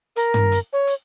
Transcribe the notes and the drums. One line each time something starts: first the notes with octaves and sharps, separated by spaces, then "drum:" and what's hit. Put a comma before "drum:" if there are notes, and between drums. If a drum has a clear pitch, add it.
A#4, drum: hi-hat
drum: tom
drum: hi-hat
C#5
drum: hi-hat